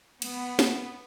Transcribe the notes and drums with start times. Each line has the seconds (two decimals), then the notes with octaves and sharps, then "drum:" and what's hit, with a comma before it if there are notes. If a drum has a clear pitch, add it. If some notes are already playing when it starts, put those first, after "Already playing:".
0.22 B3, drum: cymbal
0.59 drum: snare